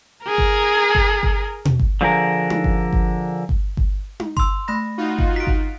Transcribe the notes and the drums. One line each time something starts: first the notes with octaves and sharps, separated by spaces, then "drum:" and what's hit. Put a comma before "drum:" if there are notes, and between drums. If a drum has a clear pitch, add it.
G#4 A#4
drum: kick G1
drum: kick G1
drum: kick G1
drum: tom B2
drum: kick G1
D3 F3 G#4 A#4
drum: tom D#4
drum: kick G1
drum: kick G1
drum: kick G1
drum: kick G1
drum: tom D#4
C6 E6, drum: kick G1
A3 B5 A#6
D#4 F4 F#4
drum: kick G1
B6 D7
drum: kick G1